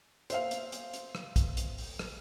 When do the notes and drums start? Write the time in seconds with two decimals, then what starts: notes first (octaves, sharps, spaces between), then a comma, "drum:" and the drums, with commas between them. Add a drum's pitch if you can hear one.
0.30 C5 E5 F5, drum: hi-hat
0.51 drum: hi-hat
0.72 drum: hi-hat
0.93 drum: hi-hat
1.15 drum: rim click
1.36 drum: kick, hi-hat
1.57 drum: hi-hat
1.78 drum: open hi-hat
1.99 drum: rim click